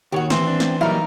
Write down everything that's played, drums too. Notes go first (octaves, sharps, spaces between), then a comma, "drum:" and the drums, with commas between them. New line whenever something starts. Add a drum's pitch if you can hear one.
D#2 D#3 F#4 G4 C#5
E3 C4, drum: snare
D4
drum: snare
F#3 G3 A#3 D#4 E4 A#4